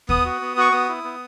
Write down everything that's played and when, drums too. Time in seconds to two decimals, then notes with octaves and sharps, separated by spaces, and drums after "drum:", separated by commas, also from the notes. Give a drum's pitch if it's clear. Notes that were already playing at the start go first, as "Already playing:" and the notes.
0.09 B3 D#6, drum: kick D#2
0.25 F#4
0.41 B3
0.57 F#4 C#6
0.72 B3 D#6
0.89 E4
1.04 B3